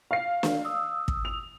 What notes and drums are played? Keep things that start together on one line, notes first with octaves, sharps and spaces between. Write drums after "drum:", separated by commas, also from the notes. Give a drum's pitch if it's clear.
F5 C7
drum: snare
D#6 E6
drum: kick
F7